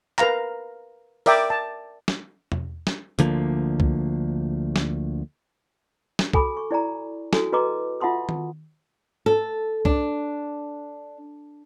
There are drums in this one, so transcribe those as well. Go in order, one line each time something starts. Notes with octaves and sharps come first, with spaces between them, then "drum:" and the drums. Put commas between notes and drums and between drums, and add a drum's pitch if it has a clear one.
A#4 B4 F5 A#5, drum: clap
A#4 D5 E5 G5 D6, drum: open hi-hat
A5
drum: snare
drum: tom E2
drum: snare
D2 D3 F3 A#3, drum: hi-hat
drum: kick
drum: snare
drum: snare
F#4 A4 G#5 B5 D6, drum: kick
C#6
E4 D5 G#5 A#5
E4 F#4 A4 G#5, drum: snare
F#4 B4 D#5 A#5 D6
F4 E5 F#5 A5 C6 D#6
drum: tom D#3
A4
D4, drum: kick